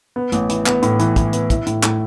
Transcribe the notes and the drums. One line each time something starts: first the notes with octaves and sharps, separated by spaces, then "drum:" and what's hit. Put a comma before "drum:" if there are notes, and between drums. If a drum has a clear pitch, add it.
B3
A1, drum: hi-hat
E3, drum: hi-hat
B3, drum: clap
A2, drum: hi-hat
E3, drum: hi-hat
E3, drum: kick, hi-hat
B3, drum: hi-hat
E4, drum: kick, hi-hat
A2, drum: hi-hat
A2, drum: clap